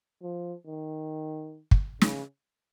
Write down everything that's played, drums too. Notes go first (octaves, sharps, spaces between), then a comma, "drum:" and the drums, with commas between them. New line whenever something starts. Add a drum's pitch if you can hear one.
F3
D#3
drum: kick
C#3, drum: snare